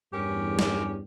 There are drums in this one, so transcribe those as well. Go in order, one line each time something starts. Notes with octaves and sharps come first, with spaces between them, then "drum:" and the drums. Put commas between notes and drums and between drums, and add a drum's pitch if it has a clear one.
E2 G2 C#4 G4 A#4
drum: snare